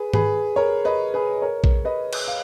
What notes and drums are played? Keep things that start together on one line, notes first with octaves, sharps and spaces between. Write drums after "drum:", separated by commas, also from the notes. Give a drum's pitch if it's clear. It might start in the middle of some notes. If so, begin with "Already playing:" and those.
Already playing: G#4 B4
G#4 B4, drum: tom G#2
A#4 C#5
B4 D#5
G#4 B4
A#4 C#5
drum: kick A#1
B4 D#5
drum: cymbal
F5